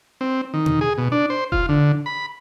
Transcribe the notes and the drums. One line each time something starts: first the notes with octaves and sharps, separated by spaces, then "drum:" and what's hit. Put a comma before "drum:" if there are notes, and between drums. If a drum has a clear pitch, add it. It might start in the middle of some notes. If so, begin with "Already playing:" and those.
C4
D#3
drum: tom B2
G#4
B2
D4
C5
F4, drum: kick E1
D3
B5